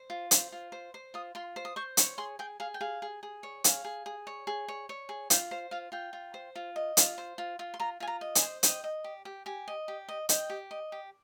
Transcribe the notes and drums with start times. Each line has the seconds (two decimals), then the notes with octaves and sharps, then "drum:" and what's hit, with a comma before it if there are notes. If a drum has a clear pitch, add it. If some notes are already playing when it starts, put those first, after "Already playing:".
Already playing: C5
0.10 F4
0.31 C5, drum: hi-hat
0.52 F4
0.72 C5
0.94 C5
1.14 F4 D#6
1.35 F4 C6
1.56 C5
1.65 D#6
1.76 C5 C#6
1.97 C#5 C6, drum: hi-hat
2.18 G#4 C6
2.39 G#4 G5
2.60 G#4 F5
2.74 G5
2.81 G#4 F5
3.02 G#4
3.23 G#4
3.43 C#5
3.64 G#4 F5, drum: hi-hat
3.85 G#4
4.06 G#4
4.27 C#5
4.47 G#4
4.68 C#5
4.89 C#5
5.09 G#4
5.30 F4 G5, drum: hi-hat
5.51 C5 F5
5.71 F4 F5
5.92 F4 G5
6.13 F4
6.34 C5
6.56 F4
6.76 D#5
6.97 F4, drum: hi-hat
7.18 C5
7.38 F4
7.59 F4
7.74 C6
7.80 F4 A#5
8.00 F4 G#5
8.07 A#5
8.21 D#5
8.35 G#5, drum: hi-hat
8.42 C5
8.63 D#5 G5, drum: hi-hat
8.84 D#5
9.04 G4
9.25 G4
9.46 G4 G#5
9.68 D#5
9.88 G4
10.09 D#5
10.29 D#5 G5, drum: hi-hat
10.50 G4
10.71 D#5
10.92 G4